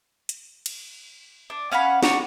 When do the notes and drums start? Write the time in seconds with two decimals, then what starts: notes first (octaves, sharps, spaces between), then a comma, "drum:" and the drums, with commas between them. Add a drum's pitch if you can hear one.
0.29 drum: hi-hat
0.66 drum: cymbal
1.50 D4
1.71 C#4 F5 F#5 B5
2.03 D4 F#4 A#5, drum: snare